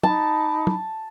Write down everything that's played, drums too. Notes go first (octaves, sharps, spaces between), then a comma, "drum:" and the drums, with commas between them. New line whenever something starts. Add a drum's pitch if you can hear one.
D#4 A5 B5 D6, drum: tom
drum: tom